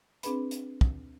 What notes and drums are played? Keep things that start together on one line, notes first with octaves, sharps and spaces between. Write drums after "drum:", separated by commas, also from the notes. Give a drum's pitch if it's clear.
C4 D4 G#4 B4 B5, drum: hi-hat
drum: hi-hat
drum: kick